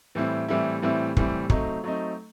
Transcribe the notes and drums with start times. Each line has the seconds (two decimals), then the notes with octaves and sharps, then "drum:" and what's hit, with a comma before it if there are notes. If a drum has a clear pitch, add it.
0.15 A2 E3 G3 C4 E4
0.48 A2 E3 G3 C4 E4
0.82 A2 E3 G3 C4 E4
1.17 A2 E3 G3 C4 E4, drum: kick
1.50 F#3 A3 C4 D#4, drum: kick
1.84 F#3 A3 C4 D#4